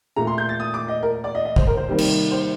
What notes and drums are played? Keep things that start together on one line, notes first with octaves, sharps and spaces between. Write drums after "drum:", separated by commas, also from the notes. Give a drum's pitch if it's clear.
A#2 A3 A#5
C6
G6
A6
D#6
D6
D#5
A#4
D5
D#5
D#5
C5, drum: kick
A#4
C5
C3 D#3 G3 A#3
drum: cymbal
C5